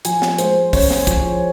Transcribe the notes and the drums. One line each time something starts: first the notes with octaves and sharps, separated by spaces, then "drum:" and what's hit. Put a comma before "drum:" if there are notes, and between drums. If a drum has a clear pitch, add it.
F3 G#5, drum: hi-hat
drum: snare
G#3 C5, drum: hi-hat
C#4 C#5, drum: kick, open hi-hat
drum: snare
F3, drum: kick, hi-hat